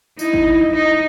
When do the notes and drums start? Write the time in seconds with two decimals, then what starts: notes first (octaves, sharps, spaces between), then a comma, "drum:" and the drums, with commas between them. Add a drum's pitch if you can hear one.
0.19 D#4 E4, drum: tambourine
0.34 drum: kick
0.74 D#4